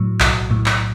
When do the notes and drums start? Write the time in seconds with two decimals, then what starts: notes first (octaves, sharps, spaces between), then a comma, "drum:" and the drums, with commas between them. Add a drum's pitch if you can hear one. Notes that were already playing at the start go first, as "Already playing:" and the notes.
Already playing: A2 F#3
0.20 B1, drum: clap
0.51 A2
0.66 drum: clap